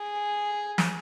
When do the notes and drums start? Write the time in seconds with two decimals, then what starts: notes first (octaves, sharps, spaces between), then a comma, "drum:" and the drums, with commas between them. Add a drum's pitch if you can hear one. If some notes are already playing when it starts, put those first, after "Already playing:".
Already playing: G#4
0.78 drum: snare